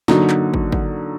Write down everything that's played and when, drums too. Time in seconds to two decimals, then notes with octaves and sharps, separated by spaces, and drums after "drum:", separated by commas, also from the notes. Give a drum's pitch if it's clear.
0.08 D3 F#3 A#3 D#4 F#4, drum: snare
0.30 drum: clap
0.54 drum: kick
0.72 drum: kick